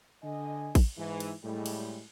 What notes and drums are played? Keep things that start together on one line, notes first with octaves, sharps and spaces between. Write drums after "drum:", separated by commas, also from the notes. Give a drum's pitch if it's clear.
D3 D#5 G#5
drum: kick A1, cymbal
G#2 E3
drum: cymbal
A2 G3 G#3
drum: cymbal